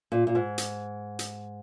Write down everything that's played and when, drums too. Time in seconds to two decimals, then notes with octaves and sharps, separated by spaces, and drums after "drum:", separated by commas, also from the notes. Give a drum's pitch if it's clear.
0.12 A#2
0.27 A#2
0.35 G#2
0.58 drum: hi-hat
1.19 drum: hi-hat